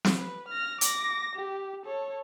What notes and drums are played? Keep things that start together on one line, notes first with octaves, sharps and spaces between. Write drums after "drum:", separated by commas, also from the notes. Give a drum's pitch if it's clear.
drum: snare
B4
F6 A#6
D6 A#6, drum: hi-hat
G4
A4 C#5